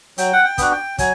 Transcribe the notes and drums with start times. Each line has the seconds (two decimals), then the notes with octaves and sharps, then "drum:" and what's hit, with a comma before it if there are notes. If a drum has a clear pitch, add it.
0.18 F#3 G5, drum: hi-hat
0.33 F#5
0.45 G5
0.58 B3 D4 F#4, drum: kick, hi-hat
0.72 G5
0.98 F#3 G#5, drum: kick, hi-hat